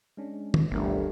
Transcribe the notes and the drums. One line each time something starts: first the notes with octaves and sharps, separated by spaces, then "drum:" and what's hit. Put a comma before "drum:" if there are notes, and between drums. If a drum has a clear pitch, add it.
G#3 C#4 D4
drum: tom
G1 D2 G3 A3 B3 D4 A#4